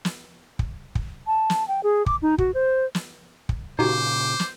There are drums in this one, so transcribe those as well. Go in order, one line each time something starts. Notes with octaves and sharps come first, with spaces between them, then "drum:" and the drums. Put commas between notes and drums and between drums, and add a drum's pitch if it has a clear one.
drum: snare
drum: kick
drum: kick
A5
drum: snare
G5
G#4
D6, drum: kick
D#4
F#4, drum: kick
C5
drum: snare
drum: kick
A#2 C#3 D#4 F#4 G4 C5 D6
drum: snare